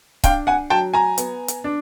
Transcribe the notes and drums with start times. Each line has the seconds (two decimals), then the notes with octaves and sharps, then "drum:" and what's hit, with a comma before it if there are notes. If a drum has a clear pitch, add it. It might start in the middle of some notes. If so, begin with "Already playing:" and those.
0.24 D4 F5 G5, drum: kick C#1, hi-hat
0.47 F#5 G#5
0.70 F#3 G5 A5
0.94 G#5 A#5
1.18 B3, drum: hi-hat
1.48 drum: hi-hat
1.64 D4